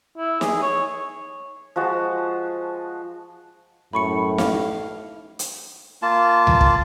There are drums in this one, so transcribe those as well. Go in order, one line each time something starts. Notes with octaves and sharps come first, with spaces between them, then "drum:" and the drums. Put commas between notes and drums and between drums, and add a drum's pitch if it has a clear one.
E4
G#4, drum: snare
C#5
F3 G#3 F#4 A5
F#2 A2 B5 C#6 C#7
F5, drum: snare
drum: hi-hat
A#3 F4 A5
drum: tom C#2
drum: kick